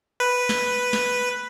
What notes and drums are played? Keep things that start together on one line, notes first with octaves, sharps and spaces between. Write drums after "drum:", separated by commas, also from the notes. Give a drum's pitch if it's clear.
B4
drum: snare
drum: snare